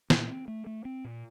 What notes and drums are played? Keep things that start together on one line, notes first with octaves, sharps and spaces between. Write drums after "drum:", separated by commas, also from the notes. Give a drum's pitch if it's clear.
A#2, drum: snare
C4
A3
A3
C4
A#2